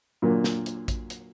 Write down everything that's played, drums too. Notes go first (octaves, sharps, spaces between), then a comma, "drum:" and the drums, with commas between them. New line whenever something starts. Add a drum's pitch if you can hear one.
A#2 D3 F#3 A#3
drum: snare
drum: hi-hat
drum: kick A1, hi-hat
drum: hi-hat